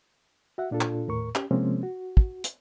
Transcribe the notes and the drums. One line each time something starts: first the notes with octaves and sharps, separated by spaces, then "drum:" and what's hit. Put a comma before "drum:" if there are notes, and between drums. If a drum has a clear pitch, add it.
F#4 E5 F#5
A#2 D4 F4 A4
drum: clap
D#2 A2 A#4 C#6
C#4 G4, drum: clap
C3 F3 G#3 A#3 C4 C#4
F#4
drum: kick
drum: hi-hat